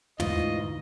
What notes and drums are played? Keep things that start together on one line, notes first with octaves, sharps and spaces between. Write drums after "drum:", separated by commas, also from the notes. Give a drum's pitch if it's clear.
D2 G#2 B2 E3 F4 D#5, drum: tom